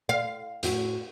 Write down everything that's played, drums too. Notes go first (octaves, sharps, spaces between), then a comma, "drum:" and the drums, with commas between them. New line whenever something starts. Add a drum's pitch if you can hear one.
F5
A2 F#4, drum: hi-hat